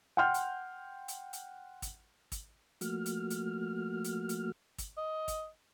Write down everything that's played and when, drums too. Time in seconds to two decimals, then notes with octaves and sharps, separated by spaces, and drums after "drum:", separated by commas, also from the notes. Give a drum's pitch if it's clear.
0.17 F#5 G5 C6 F6 G6
0.34 drum: hi-hat
1.08 drum: hi-hat
1.33 drum: hi-hat
1.82 drum: kick, hi-hat
2.32 drum: kick, hi-hat
2.81 F3 A3 A#3 F#4 F6, drum: hi-hat
3.06 drum: hi-hat
3.30 drum: hi-hat
4.04 drum: hi-hat
4.29 drum: hi-hat
4.78 drum: kick, hi-hat
4.97 D#5
5.28 drum: kick, hi-hat